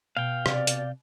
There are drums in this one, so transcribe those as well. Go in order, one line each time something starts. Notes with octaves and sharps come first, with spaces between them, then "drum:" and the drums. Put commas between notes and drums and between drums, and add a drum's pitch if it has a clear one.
B2 F5 G5
C3 D5, drum: rim click
drum: hi-hat